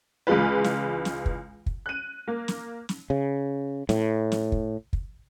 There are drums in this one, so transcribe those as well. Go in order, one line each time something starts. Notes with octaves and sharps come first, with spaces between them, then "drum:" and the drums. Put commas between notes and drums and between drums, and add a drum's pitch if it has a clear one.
C#2 C#3 E3 G#3 F4 B4
drum: snare
drum: snare
drum: kick
drum: kick
F#6 D#7
A#3
drum: snare
drum: snare
C#3
A2, drum: snare
drum: snare
drum: kick
drum: kick